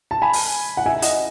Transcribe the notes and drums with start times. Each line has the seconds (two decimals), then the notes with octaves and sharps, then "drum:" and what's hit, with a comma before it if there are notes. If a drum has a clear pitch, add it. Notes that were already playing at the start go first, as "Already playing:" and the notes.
0.11 A5
0.22 G#5 B5
0.33 drum: open hi-hat
0.77 F#5
0.86 E5 G#5
1.02 D#5 F#5, drum: hi-hat